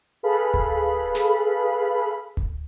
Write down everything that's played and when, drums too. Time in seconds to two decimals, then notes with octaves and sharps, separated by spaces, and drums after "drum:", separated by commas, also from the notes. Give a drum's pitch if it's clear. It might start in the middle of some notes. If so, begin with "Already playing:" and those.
0.23 G#4 A4 B4 F5 B5
0.54 drum: kick D1
1.15 drum: snare
2.37 drum: kick D1